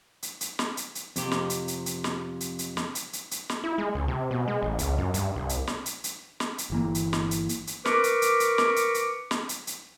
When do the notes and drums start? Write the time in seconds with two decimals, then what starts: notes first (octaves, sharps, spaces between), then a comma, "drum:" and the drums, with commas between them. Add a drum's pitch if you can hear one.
0.23 drum: hi-hat
0.41 drum: hi-hat
0.59 drum: snare
0.77 drum: hi-hat
0.95 drum: hi-hat
1.16 F2 C3 G4, drum: hi-hat
1.31 drum: snare
1.50 drum: hi-hat
1.68 drum: hi-hat
1.86 drum: hi-hat
2.04 drum: snare
2.40 drum: hi-hat
2.59 drum: hi-hat
2.77 drum: snare
2.95 drum: hi-hat
3.13 drum: hi-hat
3.31 drum: hi-hat
3.49 drum: snare
3.64 E4
3.78 G#3
3.95 C#2
4.08 C3
4.31 B2
4.48 G#3
4.63 A1
4.79 C#2, drum: hi-hat
4.98 F#2
5.14 G2, drum: hi-hat
5.36 C2
5.49 drum: hi-hat
5.67 drum: snare
5.86 drum: hi-hat
6.04 drum: hi-hat
6.40 drum: snare
6.58 drum: hi-hat
6.70 G1 E3 A#3
6.95 drum: hi-hat
7.13 drum: snare
7.31 drum: hi-hat
7.49 drum: hi-hat
7.67 drum: hi-hat
7.85 A#4 B4 C#6 D6, drum: snare
8.04 drum: hi-hat
8.22 drum: hi-hat
8.40 drum: hi-hat
8.58 drum: snare
8.76 drum: hi-hat
8.94 drum: hi-hat
9.31 drum: snare
9.49 drum: hi-hat
9.67 drum: hi-hat